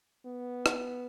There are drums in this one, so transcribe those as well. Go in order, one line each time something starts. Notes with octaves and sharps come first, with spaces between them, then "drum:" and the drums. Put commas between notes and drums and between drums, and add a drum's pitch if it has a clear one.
B3
drum: rim click